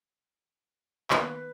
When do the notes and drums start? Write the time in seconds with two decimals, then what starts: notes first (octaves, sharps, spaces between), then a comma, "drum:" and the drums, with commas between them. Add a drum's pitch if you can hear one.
1.10 D#3 A#3 B3 B4, drum: clap